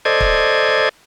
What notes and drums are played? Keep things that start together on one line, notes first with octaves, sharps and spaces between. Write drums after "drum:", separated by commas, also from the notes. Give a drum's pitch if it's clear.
A4 C5 D5 D#5 G#6
drum: kick